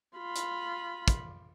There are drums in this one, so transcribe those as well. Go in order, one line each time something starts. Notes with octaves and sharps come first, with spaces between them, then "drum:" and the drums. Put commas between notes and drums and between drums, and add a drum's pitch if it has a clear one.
F4 B5
drum: hi-hat
drum: kick, hi-hat